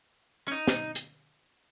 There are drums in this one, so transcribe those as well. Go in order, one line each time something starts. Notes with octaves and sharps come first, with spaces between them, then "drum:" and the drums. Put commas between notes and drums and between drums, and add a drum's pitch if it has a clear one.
C#4
D#4
drum: snare
drum: hi-hat